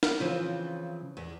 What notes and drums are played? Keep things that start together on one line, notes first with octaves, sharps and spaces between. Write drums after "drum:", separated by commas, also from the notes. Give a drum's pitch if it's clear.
drum: snare
C#3 E3 F3 C4
E2